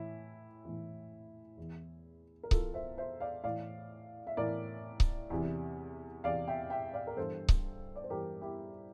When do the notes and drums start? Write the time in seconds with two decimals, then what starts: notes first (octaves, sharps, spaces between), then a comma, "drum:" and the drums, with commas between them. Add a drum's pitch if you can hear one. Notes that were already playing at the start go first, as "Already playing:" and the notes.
Already playing: A2 E3 E4
0.65 A2 E3
1.57 E2 E3
2.43 A#4
2.51 E2 E3 F4 A4, drum: kick C#1
2.74 C5 E5
2.98 C5 E5
3.20 D5 F5
3.44 A2 E3 D5 F5
4.27 E5
4.37 A2 E3 A#4 D5
5.00 drum: kick C#1
5.30 E2 C3 E3
6.24 E2 C3 E3 D5 F5
6.48 E5 G5
6.70 E5 G5
6.94 D5 F5
7.07 A#4
7.17 G2 E3 A4 C5
7.49 drum: kick C#1
7.96 D5
8.04 C5
8.10 G2 E3 G4 A#4
8.41 E4 G4